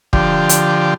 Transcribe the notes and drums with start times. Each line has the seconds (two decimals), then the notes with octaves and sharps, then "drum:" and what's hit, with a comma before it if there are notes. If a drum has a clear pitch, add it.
0.13 D3 F3 G4, drum: kick
0.49 drum: hi-hat